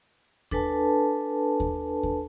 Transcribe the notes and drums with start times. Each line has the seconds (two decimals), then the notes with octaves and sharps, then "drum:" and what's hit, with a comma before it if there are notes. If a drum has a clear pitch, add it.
0.51 D4 A4 B4 G#5 A5, drum: kick D#2
1.60 drum: kick D#2
2.03 drum: kick D#2